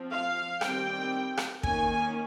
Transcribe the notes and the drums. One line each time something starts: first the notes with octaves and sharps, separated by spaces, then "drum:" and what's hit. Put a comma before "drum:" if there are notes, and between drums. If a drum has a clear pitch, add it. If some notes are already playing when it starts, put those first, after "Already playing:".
Already playing: F3 C4
F5
D#3 G3 C4 G5, drum: rim click
drum: rim click
D#3 A#3 C#4 G#5, drum: kick